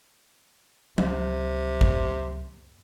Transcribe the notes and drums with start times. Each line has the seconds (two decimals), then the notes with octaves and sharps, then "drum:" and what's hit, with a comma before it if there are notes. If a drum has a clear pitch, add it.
0.98 C#2 C3 F#3, drum: tom F3
1.81 drum: kick G#1